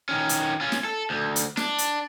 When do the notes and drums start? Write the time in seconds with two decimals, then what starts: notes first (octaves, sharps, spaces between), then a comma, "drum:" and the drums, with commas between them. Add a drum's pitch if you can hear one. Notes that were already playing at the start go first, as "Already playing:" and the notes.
0.09 D#3 C#4
0.29 drum: hi-hat
0.61 C#4 F4
0.72 drum: snare
0.84 A4
1.10 D2
1.36 drum: hi-hat
1.57 D4, drum: snare
1.78 drum: hi-hat